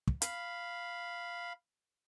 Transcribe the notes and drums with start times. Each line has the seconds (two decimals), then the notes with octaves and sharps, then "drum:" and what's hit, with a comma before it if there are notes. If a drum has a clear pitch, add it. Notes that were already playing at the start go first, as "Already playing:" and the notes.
0.08 drum: kick
0.22 F5 B5, drum: hi-hat